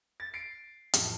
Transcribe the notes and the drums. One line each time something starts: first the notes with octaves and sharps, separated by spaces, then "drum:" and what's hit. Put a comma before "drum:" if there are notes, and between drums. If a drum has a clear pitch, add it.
A6
C7 D7
A1 F2 F#6, drum: hi-hat